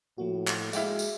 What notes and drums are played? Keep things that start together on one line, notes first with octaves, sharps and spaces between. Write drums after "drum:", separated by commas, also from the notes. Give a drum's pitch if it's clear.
A2 F3 A#3 F#4
drum: clap
G#3 E4 G4 F5, drum: tambourine
drum: tambourine